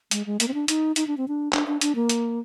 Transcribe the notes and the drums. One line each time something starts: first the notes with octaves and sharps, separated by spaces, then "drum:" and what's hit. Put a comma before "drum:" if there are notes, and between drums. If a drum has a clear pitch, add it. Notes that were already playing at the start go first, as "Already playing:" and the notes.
G#3, drum: hi-hat
G#3
A#3, drum: hi-hat
C4
D4
D#4, drum: hi-hat
D#4, drum: hi-hat
D4
C4
D4
D4, drum: clap
D4
D4, drum: hi-hat
A#3
drum: hi-hat